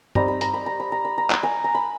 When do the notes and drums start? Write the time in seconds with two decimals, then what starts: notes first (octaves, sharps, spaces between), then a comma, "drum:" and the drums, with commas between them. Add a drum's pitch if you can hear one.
0.15 G3 C4 D#4 A#5, drum: tom
0.28 B5
0.41 A#5, drum: hi-hat
0.54 B5
0.66 A#5
0.80 B5
0.92 A#5
1.05 B5
1.18 A#5
1.30 B5, drum: clap
1.43 G#5 A#5
1.64 A#5
1.75 B5